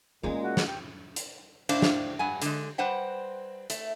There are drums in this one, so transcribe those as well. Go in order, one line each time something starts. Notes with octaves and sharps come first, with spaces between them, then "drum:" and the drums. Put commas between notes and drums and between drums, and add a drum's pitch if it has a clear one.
A#2 G#3 A#3 C#4 D#4
F#4
drum: snare
G4
drum: hi-hat
A2 D4 C5 F5, drum: cymbal
drum: snare
G2 F#5 G#5
D3 G#3, drum: hi-hat
G3 B4 C5 F#5 G5
A3, drum: hi-hat